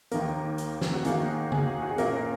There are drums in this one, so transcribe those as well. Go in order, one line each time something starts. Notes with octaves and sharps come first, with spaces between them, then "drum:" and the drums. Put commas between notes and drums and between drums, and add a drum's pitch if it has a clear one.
D#2 D#3 A#3 A#4, drum: hi-hat
drum: hi-hat
drum: snare
F#4
D#2 D#3 A#3 G#4, drum: hi-hat
G#4, drum: tom C#3
F#4
G#4
A#2 A#3 C#4 A#4, drum: hi-hat
A#4